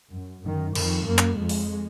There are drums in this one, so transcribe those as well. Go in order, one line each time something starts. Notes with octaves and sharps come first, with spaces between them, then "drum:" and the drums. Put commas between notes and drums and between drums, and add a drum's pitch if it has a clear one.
F#2
F#2 D#3
F2 D#3, drum: cymbal
F#2 A#3
drum: clap
F2 G#3
drum: open hi-hat